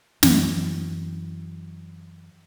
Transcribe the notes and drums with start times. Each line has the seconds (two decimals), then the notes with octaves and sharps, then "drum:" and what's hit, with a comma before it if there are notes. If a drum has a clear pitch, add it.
0.23 F#2 E3 F#3, drum: snare